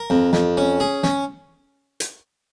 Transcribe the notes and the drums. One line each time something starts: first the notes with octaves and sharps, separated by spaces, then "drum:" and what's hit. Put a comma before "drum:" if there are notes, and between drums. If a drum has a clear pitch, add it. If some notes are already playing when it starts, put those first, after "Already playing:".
Already playing: A#4
F2
F2, drum: snare
C#4
G#4
C#4, drum: snare
drum: hi-hat